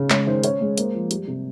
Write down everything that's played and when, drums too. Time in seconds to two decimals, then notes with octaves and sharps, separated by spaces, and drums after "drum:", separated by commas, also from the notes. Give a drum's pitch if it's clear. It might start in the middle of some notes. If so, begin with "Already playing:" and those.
Already playing: C#3
0.10 G#3 C#5, drum: clap
0.27 D#3 C5
0.43 C#4 C#5, drum: hi-hat
0.61 G#3
0.78 A#3 C5, drum: hi-hat
0.94 F3
1.11 G3, drum: hi-hat
1.27 C3